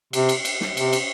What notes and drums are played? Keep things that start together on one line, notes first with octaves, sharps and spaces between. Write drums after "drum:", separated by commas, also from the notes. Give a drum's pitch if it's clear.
C3, drum: cymbal
drum: cymbal
drum: cymbal
drum: snare
C3, drum: cymbal
drum: cymbal